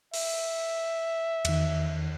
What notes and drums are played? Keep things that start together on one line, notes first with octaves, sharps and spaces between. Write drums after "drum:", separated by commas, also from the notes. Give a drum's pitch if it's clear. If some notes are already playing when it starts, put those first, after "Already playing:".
E5, drum: open hi-hat
E2 D#3, drum: cymbal